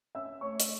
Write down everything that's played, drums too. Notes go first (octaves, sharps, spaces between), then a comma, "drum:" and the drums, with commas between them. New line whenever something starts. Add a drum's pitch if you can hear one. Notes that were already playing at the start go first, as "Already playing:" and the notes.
C#4 E5 E6
A3 C#5 C#6
drum: hi-hat